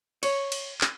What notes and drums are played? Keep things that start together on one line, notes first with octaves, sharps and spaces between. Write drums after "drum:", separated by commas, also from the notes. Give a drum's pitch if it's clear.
C#5, drum: cymbal
drum: cymbal
drum: clap